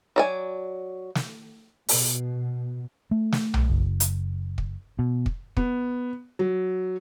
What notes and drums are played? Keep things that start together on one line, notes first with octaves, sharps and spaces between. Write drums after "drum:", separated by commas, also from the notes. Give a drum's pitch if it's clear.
F#3 D5 G#5
drum: snare
B2, drum: open hi-hat
A3
drum: snare
drum: tom B1
F#1
drum: hi-hat
drum: kick
B2
drum: kick
B3, drum: kick
F#3